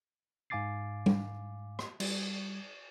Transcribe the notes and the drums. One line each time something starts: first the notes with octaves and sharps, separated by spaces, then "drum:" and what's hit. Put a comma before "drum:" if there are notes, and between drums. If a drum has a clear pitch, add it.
G#2 F5 G#5 D6 A6 C7
drum: tom G3
drum: rim click
G3, drum: cymbal